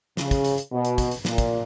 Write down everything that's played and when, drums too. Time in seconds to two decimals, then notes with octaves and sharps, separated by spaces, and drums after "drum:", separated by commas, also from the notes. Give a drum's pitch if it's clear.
0.17 C#3, drum: snare
0.31 drum: kick, hi-hat
0.45 drum: hi-hat
0.58 drum: hi-hat
0.72 B2
0.85 drum: hi-hat
0.98 drum: kick, hi-hat
1.11 drum: hi-hat
1.25 A#2, drum: snare
1.38 drum: kick, hi-hat